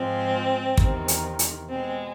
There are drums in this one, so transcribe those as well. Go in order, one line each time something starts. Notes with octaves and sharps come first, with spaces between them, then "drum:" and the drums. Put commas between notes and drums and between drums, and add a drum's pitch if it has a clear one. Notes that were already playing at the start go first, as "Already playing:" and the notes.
Already playing: G#2 F3 G#3 C4
E2 C3 D#3, drum: kick
drum: hi-hat
drum: hi-hat
B2 G#3 C4